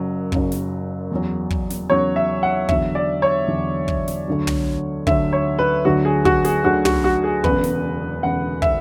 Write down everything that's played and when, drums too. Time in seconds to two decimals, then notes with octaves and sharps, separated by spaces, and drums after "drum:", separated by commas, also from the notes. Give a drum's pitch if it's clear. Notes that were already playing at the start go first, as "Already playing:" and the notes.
Already playing: F#1 F#2 C#3 F#3
0.32 F#1 F#2 C#3 F#3, drum: kick
0.52 drum: snare
1.12 E2 C#3 F#3
1.50 drum: kick
1.70 drum: snare
1.90 E2 C#3 F#3 C#5
2.16 E5
2.43 F#5
2.69 E2 D3 F#3 E5, drum: kick
2.95 D5
3.22 C#5
3.48 E2 D3 F#3
3.88 drum: kick
4.08 drum: snare
4.28 D2 D3 F#3
4.47 drum: tom
5.07 D2 D3 F#3 E5, drum: kick
5.33 C#5
5.59 B4
5.85 D2 D3 F#3 F#4
6.05 G#4
6.25 F#4, drum: kick
6.44 G#4, drum: snare
6.64 D2 D3 F#3 F#4
6.85 F#4, drum: tom
7.04 F#4
7.24 G#4
7.44 E1 E2 C#3 B4, drum: kick
7.63 drum: snare
8.23 E1 E2 C#3 F#5
8.62 E5, drum: kick